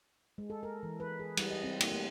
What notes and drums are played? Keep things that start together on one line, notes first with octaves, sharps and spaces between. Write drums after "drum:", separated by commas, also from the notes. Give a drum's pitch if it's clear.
G#3
A4
A#4
E3
B4
G#4
G3, drum: cymbal
D#5
C4
A#3, drum: cymbal
A3